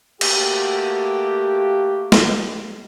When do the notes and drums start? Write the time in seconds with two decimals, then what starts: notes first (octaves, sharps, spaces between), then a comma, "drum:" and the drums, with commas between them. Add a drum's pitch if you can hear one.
0.21 A3 A#3 F#4 G4, drum: cymbal
2.12 drum: snare